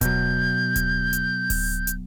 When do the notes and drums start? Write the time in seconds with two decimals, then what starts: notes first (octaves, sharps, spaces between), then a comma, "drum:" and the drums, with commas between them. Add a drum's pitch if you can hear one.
0.01 B2 F#3 G6, drum: kick D1, hi-hat
0.76 drum: kick D1, hi-hat
1.13 drum: hi-hat
1.50 drum: kick D1, open hi-hat
1.87 drum: hi-hat